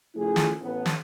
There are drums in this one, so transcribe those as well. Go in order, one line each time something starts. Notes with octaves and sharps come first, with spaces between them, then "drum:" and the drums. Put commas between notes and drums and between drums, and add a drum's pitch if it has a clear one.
C#3 F3 A3 E4 G#4
drum: snare
A1 B3
drum: snare